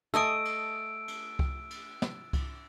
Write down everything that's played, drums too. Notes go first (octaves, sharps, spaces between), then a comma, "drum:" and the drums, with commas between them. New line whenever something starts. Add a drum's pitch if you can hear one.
A3 D#5 G#5 A5 D#6 E6 D7
drum: cymbal
drum: cymbal
drum: kick C2
drum: cymbal
drum: snare
drum: kick C2, cymbal